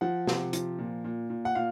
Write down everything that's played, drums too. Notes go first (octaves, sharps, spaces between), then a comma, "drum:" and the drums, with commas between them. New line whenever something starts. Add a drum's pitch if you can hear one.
F3 F#5
C3, drum: snare
F3, drum: hi-hat
A#2
A#2
A#2
F#5
A#2 F5